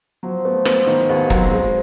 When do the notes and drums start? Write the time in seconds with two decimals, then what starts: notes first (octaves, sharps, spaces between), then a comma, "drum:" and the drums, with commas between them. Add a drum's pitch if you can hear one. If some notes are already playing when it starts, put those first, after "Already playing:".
0.23 F3 F#3
0.45 A3 B3
0.65 G#3 B3, drum: rim click
0.87 D#3 A#3
1.09 D#2 B3
1.30 F#3 C4, drum: kick
1.51 G#3